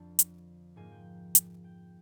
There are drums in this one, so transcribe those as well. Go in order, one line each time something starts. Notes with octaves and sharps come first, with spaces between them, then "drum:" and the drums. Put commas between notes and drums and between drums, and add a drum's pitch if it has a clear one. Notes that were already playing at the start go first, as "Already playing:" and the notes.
Already playing: F2 D3 F3 A5
drum: hi-hat
G#2 F3 A#3 G#5
G5
drum: hi-hat
G5